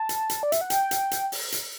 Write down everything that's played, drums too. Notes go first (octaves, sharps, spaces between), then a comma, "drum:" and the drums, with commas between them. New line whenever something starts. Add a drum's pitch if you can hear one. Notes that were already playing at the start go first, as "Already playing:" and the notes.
Already playing: A5
drum: hi-hat
drum: hi-hat
D5
E5, drum: hi-hat
F#5
G5, drum: hi-hat
drum: hi-hat
drum: hi-hat
drum: open hi-hat
drum: hi-hat